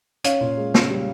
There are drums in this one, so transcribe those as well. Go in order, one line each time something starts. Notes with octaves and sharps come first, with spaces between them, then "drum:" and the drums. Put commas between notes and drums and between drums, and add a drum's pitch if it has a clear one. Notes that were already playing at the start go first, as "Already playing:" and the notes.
C#4 C#5 F5, drum: hi-hat
A#2
G#3
C#3, drum: snare
G3